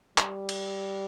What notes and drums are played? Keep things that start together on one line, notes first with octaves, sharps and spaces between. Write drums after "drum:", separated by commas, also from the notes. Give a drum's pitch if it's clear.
G3, drum: clap
drum: cymbal